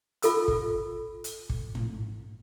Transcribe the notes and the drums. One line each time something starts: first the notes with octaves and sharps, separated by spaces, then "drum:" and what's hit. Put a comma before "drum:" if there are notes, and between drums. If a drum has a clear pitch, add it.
F4 A4 E6, drum: hi-hat
drum: kick
drum: hi-hat
drum: kick
drum: tom